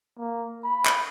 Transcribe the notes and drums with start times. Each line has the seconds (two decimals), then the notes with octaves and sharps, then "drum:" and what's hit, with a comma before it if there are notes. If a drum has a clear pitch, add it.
0.18 A#3
0.64 B5
0.85 drum: clap